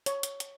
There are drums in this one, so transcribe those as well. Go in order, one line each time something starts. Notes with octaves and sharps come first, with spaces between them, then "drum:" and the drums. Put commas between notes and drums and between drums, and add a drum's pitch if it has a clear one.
C#5, drum: hi-hat
drum: hi-hat
drum: hi-hat